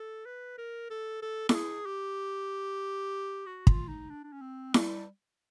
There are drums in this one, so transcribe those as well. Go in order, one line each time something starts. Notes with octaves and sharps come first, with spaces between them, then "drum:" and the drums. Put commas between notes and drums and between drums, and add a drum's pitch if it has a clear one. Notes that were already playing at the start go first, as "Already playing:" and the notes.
Already playing: A4
B4
A#4
A4
A4
A4, drum: snare E4
G#4
G4
F#4
F4, drum: kick
D#4
D4
D4
C#4
C4
G3, drum: snare E4